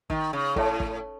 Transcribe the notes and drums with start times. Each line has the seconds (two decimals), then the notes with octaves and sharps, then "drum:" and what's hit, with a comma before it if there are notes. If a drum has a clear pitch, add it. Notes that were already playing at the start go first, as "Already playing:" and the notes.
0.10 D#3, drum: kick
0.33 C#3
0.56 A2 A4 C#5 E5 A5, drum: kick
0.80 drum: kick